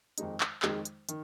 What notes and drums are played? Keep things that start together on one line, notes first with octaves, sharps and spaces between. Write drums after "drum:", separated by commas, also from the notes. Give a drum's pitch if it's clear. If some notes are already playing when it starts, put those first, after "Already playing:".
F2 D#3 G#3 D#4, drum: hi-hat
drum: clap
F2 D#3 G#3 D#4, drum: clap
drum: hi-hat
D#3, drum: hi-hat